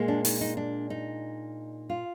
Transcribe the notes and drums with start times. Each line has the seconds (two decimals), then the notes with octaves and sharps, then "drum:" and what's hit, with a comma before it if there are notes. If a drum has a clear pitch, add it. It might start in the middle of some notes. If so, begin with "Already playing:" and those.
Already playing: A#2 G#3
0.08 D4
0.25 D#4, drum: open hi-hat
0.41 D#4
0.57 D4
0.90 D#4
1.90 F4